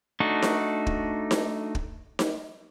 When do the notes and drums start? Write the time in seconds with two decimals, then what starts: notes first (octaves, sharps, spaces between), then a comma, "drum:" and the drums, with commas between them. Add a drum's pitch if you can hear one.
0.20 A3 D4 D#4 F#4
0.42 drum: snare D#4
0.87 drum: kick
1.31 drum: snare D#4
1.75 drum: kick
2.19 drum: snare D#4